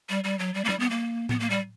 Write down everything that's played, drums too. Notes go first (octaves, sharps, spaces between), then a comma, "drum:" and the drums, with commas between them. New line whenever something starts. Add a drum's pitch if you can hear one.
G3
G3
F#3
G3
A#3
G3, drum: tom G3
B3
A#3
B3, drum: tom A2
A#3
G3